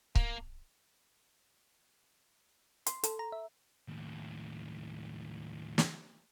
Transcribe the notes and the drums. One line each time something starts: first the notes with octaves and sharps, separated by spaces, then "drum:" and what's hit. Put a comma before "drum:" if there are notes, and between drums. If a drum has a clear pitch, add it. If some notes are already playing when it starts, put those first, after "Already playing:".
A#3, drum: kick C#1
C6, drum: hi-hat
A4, drum: hi-hat
A#5
E5
D#2 A2
drum: snare